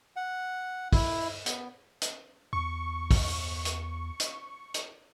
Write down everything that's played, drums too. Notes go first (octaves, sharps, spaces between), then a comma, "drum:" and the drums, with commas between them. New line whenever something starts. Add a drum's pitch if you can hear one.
F#5
E4, drum: kick, open hi-hat
B3, drum: hi-hat
drum: hi-hat
E2 C#6
drum: kick, open hi-hat
drum: hi-hat
drum: hi-hat
drum: hi-hat